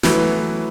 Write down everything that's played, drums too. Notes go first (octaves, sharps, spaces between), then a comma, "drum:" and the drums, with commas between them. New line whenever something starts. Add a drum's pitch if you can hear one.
E3 F#3 A3 E4 B4, drum: snare